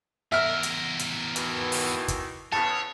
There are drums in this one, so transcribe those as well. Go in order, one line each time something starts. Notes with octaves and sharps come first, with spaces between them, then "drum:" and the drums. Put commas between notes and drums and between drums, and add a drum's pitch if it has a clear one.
E2 A#4 E5 F6
drum: hi-hat
drum: hi-hat
B2 D#3 E3, drum: hi-hat
drum: open hi-hat
drum: kick, hi-hat
E2 C#3 C#5 A5